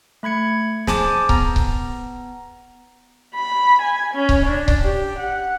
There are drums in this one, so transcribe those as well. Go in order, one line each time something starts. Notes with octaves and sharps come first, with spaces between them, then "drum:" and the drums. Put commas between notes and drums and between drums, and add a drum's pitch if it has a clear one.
A3 B5 G#6 C#7
G#4 C5 G#5 A5 D6, drum: snare
B3 A#5, drum: kick C#1
drum: kick C#1
B5
G#5
C#4
drum: kick C#1
D4
drum: kick C#1
G4
F#5